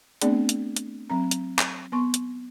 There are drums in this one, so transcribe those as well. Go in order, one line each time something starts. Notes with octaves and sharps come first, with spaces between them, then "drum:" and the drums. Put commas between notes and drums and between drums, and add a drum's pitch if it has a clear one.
A3 B3 C4 D4 G#4 D5, drum: hi-hat
drum: hi-hat
drum: hi-hat
F#3 C4 A#5
drum: hi-hat
drum: clap
B3 C6 C#6
drum: hi-hat